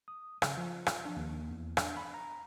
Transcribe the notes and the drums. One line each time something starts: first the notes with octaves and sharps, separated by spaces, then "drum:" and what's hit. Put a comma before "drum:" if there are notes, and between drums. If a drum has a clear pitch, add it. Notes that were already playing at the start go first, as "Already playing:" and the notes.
D#6
C#3, drum: rim click
F3
drum: rim click
D4
D#2
E2
D4, drum: rim click
B5
A#5